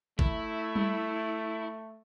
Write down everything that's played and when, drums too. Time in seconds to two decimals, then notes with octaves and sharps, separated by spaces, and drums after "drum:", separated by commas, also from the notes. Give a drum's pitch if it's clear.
0.19 A3 E4, drum: kick G1
0.76 drum: tom G3